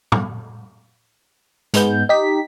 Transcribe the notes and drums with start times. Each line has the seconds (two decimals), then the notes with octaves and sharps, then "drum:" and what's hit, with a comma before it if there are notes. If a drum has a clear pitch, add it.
0.12 drum: tom
1.74 G#2 G#3 B3 G6, drum: hi-hat
2.09 D#4 G4 B6